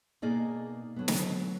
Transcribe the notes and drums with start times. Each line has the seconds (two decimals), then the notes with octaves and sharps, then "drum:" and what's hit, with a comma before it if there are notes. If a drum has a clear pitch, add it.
0.22 B2 A#3 D#4 G#4 D5
0.96 D3 F#3 B3
1.08 drum: snare